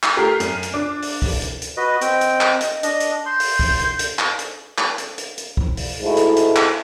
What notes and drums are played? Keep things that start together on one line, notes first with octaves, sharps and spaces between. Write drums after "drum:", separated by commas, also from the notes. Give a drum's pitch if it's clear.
drum: clap
A3 G4 A#4 F6 C7
F#2, drum: hi-hat
drum: hi-hat
D4 D6
drum: open hi-hat
drum: kick, open hi-hat
drum: hi-hat
drum: hi-hat
F#4 B4 D#5
C4 D#5 G5, drum: hi-hat
drum: hi-hat
drum: clap
drum: hi-hat
D4 D#5, drum: hi-hat
drum: hi-hat
C6 G6
drum: open hi-hat
drum: kick, open hi-hat
drum: hi-hat
drum: hi-hat
drum: clap
drum: hi-hat
drum: clap
drum: hi-hat
drum: hi-hat
drum: hi-hat
drum: kick
drum: open hi-hat
G#2 G#3 A3 E4 F#4
drum: hi-hat
drum: hi-hat
drum: clap